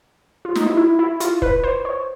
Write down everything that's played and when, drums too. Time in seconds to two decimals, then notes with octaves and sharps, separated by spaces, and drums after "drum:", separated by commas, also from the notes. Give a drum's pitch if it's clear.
0.45 F4
0.55 D#4, drum: snare
0.66 E4
0.77 E4
0.99 E4
1.20 F4, drum: hi-hat
1.42 B4, drum: kick
1.63 C5
1.85 C#5